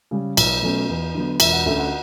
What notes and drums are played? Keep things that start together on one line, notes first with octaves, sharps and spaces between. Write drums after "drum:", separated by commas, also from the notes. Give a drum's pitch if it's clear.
C#3 G3 C#4
B1, drum: cymbal
B2 F#3 A3 C#4
E2
D3 F#3 B3
E1 E5, drum: cymbal
F#5
D2 D3 A3 C#4 E5
F#5